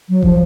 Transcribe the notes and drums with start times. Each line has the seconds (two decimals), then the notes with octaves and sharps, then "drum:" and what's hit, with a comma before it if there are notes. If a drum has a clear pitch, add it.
0.09 F#3
0.23 F3, drum: kick